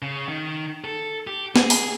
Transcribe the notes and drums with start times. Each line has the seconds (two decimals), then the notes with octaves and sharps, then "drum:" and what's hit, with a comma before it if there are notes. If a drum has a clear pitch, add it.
0.02 C#3
0.28 D#3
0.84 A4
1.27 G4
1.56 G#4, drum: snare
1.70 drum: open hi-hat